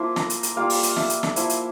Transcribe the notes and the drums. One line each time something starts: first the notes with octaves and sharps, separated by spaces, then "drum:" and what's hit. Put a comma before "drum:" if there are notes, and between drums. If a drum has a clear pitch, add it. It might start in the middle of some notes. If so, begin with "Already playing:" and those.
Already playing: F3 A#3 E4 C6
A#5, drum: snare
drum: hi-hat
drum: hi-hat
G3 A#3 F4 F5
drum: open hi-hat
drum: hi-hat
E5, drum: snare
drum: hi-hat
drum: snare
F3 A#3 E4, drum: hi-hat
drum: hi-hat